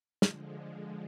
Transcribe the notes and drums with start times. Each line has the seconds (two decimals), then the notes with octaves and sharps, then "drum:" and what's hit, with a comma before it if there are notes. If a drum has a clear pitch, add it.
0.22 D3 F3 G#3, drum: snare